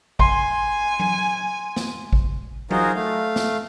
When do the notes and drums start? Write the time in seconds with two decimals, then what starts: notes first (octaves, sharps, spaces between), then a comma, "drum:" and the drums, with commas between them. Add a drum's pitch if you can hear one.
0.19 G#5 C6, drum: kick G#1
1.00 drum: tom F#3
1.76 drum: snare
2.13 drum: kick G#1
2.71 D#4 F4 F#4 G#4 A#4 C5, drum: tom F#3
2.94 A3 F5
3.36 drum: snare